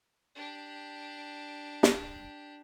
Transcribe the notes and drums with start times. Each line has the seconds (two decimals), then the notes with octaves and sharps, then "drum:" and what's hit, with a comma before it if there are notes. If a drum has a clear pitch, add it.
0.35 D4 G4
1.83 drum: snare